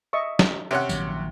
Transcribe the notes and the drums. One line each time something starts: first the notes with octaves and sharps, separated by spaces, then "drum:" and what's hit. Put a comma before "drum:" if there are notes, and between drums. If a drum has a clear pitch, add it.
D#5 E5 C#6
drum: snare
C3 C#4 F#5
A#1 D#3 F#3, drum: tambourine